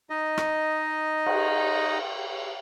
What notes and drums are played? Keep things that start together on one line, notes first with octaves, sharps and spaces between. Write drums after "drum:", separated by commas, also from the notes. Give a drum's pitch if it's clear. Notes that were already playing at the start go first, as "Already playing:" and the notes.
D#4 D#5
drum: rim click
drum: cymbal